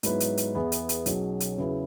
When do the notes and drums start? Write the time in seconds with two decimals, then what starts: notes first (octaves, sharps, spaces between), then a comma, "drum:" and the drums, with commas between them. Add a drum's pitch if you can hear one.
0.03 G#2 F#3 B3 E4 B4, drum: hi-hat
0.20 drum: hi-hat
0.37 drum: hi-hat
0.54 E2 E3 B3 G#4
0.72 drum: hi-hat
0.89 drum: hi-hat
1.06 B1 B2 F#3 C#4 G#4, drum: hi-hat
1.40 drum: hi-hat
1.57 E2 C#3 F#3 E4 B4